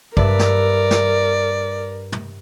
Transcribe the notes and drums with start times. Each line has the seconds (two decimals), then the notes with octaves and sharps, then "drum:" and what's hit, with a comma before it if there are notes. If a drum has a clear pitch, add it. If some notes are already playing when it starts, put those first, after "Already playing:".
0.17 G2 A#4 B4 D5 E5, drum: kick
0.39 drum: snare
0.91 drum: snare
2.12 drum: tom